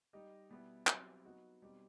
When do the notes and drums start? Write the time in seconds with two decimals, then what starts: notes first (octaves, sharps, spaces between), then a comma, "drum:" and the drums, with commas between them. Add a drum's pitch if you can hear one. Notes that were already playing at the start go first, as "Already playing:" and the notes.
0.13 G3 D#4 G4 D#5
0.50 B2 G3 B3 E4
0.87 F#3 C4 E4 G4 B4, drum: clap
1.25 F#3 B3 D#4 F#4
1.62 B2 G3 C4 D#4 G4